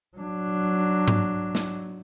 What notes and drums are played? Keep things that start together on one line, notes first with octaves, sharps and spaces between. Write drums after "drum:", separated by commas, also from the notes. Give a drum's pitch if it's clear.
F#3 D4
drum: tom G#2
drum: snare